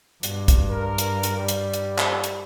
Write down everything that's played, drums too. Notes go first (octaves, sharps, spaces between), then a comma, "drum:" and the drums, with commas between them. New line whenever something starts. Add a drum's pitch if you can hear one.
G2 B2, drum: hi-hat
drum: kick, hi-hat
A#4
drum: hi-hat
drum: hi-hat
G3
drum: hi-hat
drum: hi-hat
drum: clap
drum: hi-hat